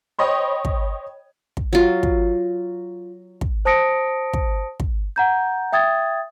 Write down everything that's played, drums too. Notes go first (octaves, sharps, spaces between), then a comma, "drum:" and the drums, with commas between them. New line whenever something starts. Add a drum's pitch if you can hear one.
C5 C#5 D#5 G5 B5 D#6
drum: kick
drum: kick
F#3 F4
drum: kick
drum: kick
C5 A5 D#6 A#6 C#7 D7
drum: kick
drum: kick
F#5 A#5 G6
E5 G5 D#6 G#6 A6